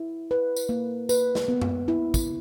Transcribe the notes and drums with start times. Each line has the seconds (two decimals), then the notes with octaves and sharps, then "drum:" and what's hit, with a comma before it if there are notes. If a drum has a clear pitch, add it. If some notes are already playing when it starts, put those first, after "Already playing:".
Already playing: E4
0.31 B4
0.56 drum: tambourine
0.69 A#3
1.09 B4, drum: tambourine
1.35 drum: snare
1.48 B3
1.62 drum: tom F#2
1.88 E4
2.14 drum: kick, tambourine